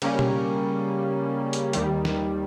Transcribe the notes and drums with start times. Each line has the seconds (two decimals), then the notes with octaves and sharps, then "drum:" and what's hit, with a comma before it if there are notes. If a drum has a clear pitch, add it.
0.02 C#3 G3 A#3 C#4, drum: cymbal
0.19 drum: tom B2
1.53 drum: hi-hat
1.73 D#2 D#3 G3, drum: hi-hat
2.05 drum: snare